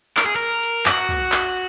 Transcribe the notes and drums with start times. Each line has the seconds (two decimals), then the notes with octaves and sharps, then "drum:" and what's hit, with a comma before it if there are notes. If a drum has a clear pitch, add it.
0.17 A#4, drum: clap
0.26 G#4
0.36 A#4
0.63 drum: hi-hat
0.86 F#4, drum: clap
1.09 drum: tom
1.32 drum: clap